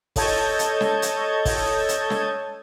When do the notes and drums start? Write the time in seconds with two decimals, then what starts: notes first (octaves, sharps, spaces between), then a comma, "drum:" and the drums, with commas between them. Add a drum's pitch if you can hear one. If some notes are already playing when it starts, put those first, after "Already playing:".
0.16 A4 C#5 D#5 A5 G6 G#6, drum: kick, open hi-hat
0.59 drum: hi-hat
0.81 drum: snare
1.02 drum: hi-hat
1.45 drum: kick, open hi-hat
1.89 drum: hi-hat
2.10 drum: snare